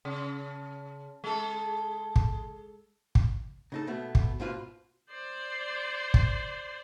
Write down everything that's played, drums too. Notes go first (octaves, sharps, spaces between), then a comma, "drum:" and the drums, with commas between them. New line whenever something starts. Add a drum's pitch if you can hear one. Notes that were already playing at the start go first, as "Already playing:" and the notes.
C#3
G#3 A4
drum: kick
drum: kick
C#3 D#4 A4
B2 A3 B3
drum: kick
G#2 B2 F4 B4
C5 D5
drum: kick